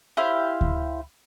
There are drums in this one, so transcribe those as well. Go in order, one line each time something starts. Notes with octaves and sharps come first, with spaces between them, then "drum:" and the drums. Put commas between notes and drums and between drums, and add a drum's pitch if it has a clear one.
E4 G4 C5 F5
drum: kick D2